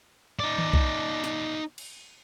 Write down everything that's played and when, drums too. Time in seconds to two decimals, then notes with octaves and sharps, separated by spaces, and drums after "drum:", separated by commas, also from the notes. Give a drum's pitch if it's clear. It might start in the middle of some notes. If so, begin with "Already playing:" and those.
0.40 D#4 D5
0.58 drum: tom D#3
0.73 drum: kick B1
1.24 drum: snare
1.78 drum: cymbal